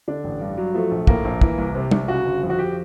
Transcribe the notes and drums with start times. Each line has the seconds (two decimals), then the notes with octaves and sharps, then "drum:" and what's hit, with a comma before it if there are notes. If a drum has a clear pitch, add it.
0.08 D3 D4
0.24 A1
0.40 G2
0.57 F#3
0.74 F3 A3
0.91 A#1
1.07 A2 A#3, drum: kick
1.24 A#1
1.41 E3, drum: kick
1.58 C2
1.75 C3
1.91 C2, drum: tom
2.08 C#3 F#4
2.26 G1
2.43 F2
2.50 F#4
2.59 G4